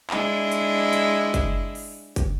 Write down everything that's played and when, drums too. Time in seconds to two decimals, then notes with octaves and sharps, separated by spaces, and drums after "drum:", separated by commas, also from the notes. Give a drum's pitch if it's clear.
0.10 G#3 D4 E4, drum: clap
0.52 drum: hi-hat
0.93 drum: hi-hat
1.34 drum: kick, hi-hat
1.75 drum: open hi-hat
2.16 drum: kick, hi-hat